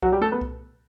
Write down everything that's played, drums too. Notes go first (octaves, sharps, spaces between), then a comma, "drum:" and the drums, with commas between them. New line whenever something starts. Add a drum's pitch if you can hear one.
F#3 F#4, drum: kick C2
G3 G4
A3 A4
B3 B4
drum: kick C2